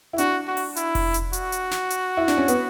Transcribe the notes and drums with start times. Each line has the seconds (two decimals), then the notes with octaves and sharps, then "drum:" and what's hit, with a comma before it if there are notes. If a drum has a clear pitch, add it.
0.13 E4
0.18 D4 F#4, drum: hi-hat
0.47 F#4
0.57 drum: open hi-hat
0.76 E4, drum: hi-hat
0.95 drum: kick F1, open hi-hat
1.14 drum: hi-hat
1.33 F#4, drum: hi-hat
1.52 drum: hi-hat
1.71 drum: snare
1.90 drum: hi-hat
2.17 E4
2.28 D4, drum: snare
2.37 C#4
2.48 B3, drum: hi-hat